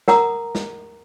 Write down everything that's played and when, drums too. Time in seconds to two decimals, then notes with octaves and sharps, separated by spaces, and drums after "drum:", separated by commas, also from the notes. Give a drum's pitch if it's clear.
0.08 A#4 F#5 A#5 D#6, drum: snare
0.55 drum: snare